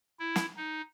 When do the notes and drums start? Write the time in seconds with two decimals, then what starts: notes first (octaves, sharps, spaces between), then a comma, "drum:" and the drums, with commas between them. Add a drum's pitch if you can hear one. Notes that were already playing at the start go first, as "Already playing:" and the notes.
0.19 E4
0.36 drum: snare
0.57 D#4